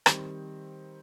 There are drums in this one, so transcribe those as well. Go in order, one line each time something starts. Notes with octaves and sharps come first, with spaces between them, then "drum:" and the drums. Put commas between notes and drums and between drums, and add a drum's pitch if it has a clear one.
D#3 G3 C4, drum: rim click